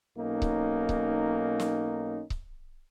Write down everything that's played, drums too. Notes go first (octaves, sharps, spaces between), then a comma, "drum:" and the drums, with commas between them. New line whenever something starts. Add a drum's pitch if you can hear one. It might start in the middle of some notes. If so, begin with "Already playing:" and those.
B1 A#3 C#4 D#4
drum: kick C#1
drum: kick C#1
drum: snare
drum: kick C#1